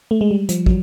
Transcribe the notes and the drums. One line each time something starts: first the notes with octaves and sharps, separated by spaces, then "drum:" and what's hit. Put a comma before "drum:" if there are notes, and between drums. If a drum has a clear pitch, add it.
A3
G#3
G3
F3, drum: hi-hat
F#3, drum: kick